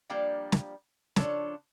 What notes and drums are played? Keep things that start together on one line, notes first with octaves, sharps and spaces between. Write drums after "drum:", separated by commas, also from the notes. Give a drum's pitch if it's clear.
F3 G3 A#3 D4 F5 G5
drum: snare
C#3 F3 D4 F4 A4 C#5, drum: snare